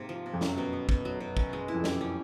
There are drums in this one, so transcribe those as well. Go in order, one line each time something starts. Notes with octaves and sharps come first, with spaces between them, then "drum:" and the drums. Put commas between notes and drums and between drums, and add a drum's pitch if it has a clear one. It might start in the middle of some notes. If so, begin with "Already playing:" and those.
Already playing: G#2 C3 A#3
F3
C3
F2
F#2 F#3, drum: snare
B2
B3
B2, drum: kick
F#3
B2
C#4, drum: kick
G#3
E4
F2
F#2 G4, drum: snare
C#4